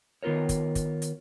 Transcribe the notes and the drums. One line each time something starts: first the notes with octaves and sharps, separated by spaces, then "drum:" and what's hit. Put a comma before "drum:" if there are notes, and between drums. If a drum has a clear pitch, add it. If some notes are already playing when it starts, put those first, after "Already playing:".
D#3 B3 F4 A#4 C#5
drum: kick, hi-hat
drum: kick, hi-hat
drum: hi-hat